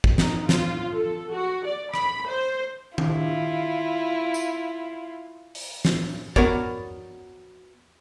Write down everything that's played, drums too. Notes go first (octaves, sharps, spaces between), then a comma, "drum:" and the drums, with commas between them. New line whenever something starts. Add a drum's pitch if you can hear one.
drum: kick
D#4, drum: snare
F4, drum: snare
A4
F#4
D5
B5, drum: rim click
C5
E4 F4, drum: tom D#3
drum: tambourine
drum: open hi-hat
drum: snare
B3 F#4 A#4 C#5 D5, drum: kick